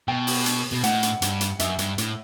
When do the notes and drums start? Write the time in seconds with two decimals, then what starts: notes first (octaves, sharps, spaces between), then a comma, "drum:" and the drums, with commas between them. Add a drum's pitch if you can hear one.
0.08 B2 G5
0.27 drum: open hi-hat
0.46 drum: hi-hat
0.72 B2
0.83 A2 F#5, drum: hi-hat
1.03 drum: hi-hat
1.22 G2, drum: hi-hat
1.41 drum: hi-hat
1.59 F#2 E5, drum: hi-hat
1.79 G2, drum: hi-hat
1.98 A2, drum: hi-hat